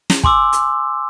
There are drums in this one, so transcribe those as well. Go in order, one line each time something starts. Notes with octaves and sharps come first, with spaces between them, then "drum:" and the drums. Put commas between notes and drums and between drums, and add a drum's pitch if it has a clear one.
drum: snare
G#5 C6 D6 E6, drum: kick
drum: hi-hat